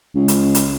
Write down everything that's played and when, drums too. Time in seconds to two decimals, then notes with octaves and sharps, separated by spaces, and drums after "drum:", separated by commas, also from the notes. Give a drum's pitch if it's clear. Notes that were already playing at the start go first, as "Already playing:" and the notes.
0.15 C#2
0.28 drum: hi-hat
0.55 drum: hi-hat